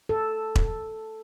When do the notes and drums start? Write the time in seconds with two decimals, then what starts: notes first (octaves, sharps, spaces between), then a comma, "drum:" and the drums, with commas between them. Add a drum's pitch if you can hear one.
0.09 A4
0.56 drum: kick E1